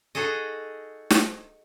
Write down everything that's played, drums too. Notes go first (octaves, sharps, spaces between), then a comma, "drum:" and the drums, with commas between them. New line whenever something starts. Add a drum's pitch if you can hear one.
D#4 F#4 G#4 A4 D#5
drum: snare